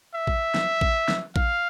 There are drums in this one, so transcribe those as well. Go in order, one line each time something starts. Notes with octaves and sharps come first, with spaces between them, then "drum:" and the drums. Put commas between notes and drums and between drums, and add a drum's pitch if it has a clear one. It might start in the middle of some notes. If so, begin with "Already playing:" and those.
E5
drum: kick A1
drum: snare
drum: kick A1
drum: snare
F5, drum: kick A1